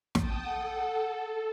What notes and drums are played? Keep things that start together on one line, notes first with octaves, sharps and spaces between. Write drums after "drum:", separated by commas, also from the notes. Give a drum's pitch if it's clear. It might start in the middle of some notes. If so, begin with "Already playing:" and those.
G5 A5 D#6, drum: snare
A4 F#5